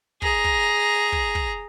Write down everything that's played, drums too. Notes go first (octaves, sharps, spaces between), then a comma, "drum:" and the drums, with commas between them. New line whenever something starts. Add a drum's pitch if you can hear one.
G#4 A#5, drum: kick
drum: kick
drum: kick
drum: kick